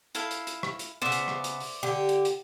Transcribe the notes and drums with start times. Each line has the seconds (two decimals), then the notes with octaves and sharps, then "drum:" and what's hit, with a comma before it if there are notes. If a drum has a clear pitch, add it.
0.15 E4 A4 F5, drum: hi-hat
0.31 drum: hi-hat
0.47 drum: hi-hat
0.63 drum: rim click
0.79 drum: hi-hat
1.02 C#3 B3 C5 D5 E5
1.12 drum: hi-hat
1.28 drum: rim click
1.44 drum: hi-hat
1.60 drum: open hi-hat
1.83 D3 G4
2.09 drum: hi-hat
2.25 drum: hi-hat